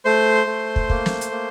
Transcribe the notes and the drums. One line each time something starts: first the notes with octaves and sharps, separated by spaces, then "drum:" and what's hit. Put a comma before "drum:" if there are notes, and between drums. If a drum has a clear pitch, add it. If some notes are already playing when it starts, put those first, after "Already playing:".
A3 C5 C6
A3
drum: kick
A#3, drum: kick
drum: snare
drum: hi-hat
A#3